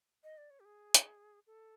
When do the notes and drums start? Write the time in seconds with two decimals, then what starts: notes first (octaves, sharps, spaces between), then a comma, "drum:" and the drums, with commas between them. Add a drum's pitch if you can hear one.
0.24 D#5
0.38 D5
0.50 C#5
0.60 G4
0.65 G#4
0.94 drum: hi-hat
1.47 A4